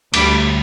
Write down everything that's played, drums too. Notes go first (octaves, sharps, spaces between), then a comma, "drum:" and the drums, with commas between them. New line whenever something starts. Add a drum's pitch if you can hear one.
D2 D3 G3 B5 D6, drum: cymbal